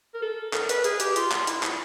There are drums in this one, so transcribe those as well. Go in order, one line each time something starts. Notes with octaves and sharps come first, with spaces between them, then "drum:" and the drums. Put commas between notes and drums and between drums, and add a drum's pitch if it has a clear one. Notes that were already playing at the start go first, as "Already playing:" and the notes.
A#4
A4
A#4, drum: clap
B4, drum: hi-hat
G#4, drum: hi-hat
G4, drum: hi-hat
F4, drum: hi-hat
F4, drum: clap
E4, drum: hi-hat
drum: clap